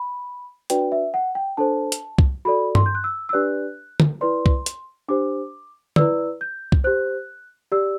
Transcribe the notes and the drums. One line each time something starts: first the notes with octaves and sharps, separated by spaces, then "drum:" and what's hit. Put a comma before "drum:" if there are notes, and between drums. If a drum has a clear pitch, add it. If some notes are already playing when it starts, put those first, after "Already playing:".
Already playing: B5
D4 F#4 B4 D5 G5, drum: hi-hat
E5
F#5
G5
D4 A4 C5 A5
drum: hi-hat
drum: kick C2
F#4 A4 D5 B5
C6, drum: tom G2
G6
F#6
E6
E6
D4 G4 B4 D5 F#6
drum: tom D3
E4 B4 D5 C6
drum: kick C2
drum: hi-hat
D4 G4 C5 D6
E4 B4 D5 E6, drum: tom D3
G6
drum: kick C2
G4 C5 F#6
G4 D5 E6